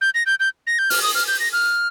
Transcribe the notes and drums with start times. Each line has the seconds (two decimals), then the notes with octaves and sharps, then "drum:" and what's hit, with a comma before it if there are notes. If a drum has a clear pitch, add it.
0.01 G6
0.14 A#6
0.26 G6
0.40 G6
0.67 A#6
0.79 G6
0.90 F6, drum: open hi-hat
1.02 D#6
1.15 F6
1.28 G6
1.40 A#6
1.53 F6